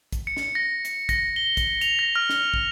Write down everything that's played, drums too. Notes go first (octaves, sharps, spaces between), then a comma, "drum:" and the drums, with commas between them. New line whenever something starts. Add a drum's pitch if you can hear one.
drum: kick, hi-hat
C#7
drum: snare
A#6
drum: hi-hat
A#6, drum: kick, hi-hat
G7
drum: kick, hi-hat
F7, drum: hi-hat
A#6
F6
drum: snare
drum: kick